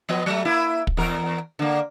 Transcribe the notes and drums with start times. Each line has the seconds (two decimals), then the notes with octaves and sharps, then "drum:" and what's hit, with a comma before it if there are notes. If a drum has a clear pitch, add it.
0.09 F3 B3 D#5
0.26 F#3 A3
0.45 A#3 E4
0.87 drum: kick
0.97 E2 A#4
1.59 D3 A#3